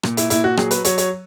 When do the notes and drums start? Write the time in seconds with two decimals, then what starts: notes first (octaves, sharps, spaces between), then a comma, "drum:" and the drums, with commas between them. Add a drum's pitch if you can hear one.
0.03 A#2, drum: rim click
0.17 E4, drum: hi-hat
0.30 A#2 E4, drum: hi-hat
0.44 F#4
0.57 F#3 G#4, drum: rim click
0.71 B4, drum: hi-hat
0.85 F#3 C#5, drum: hi-hat
0.98 C#5, drum: hi-hat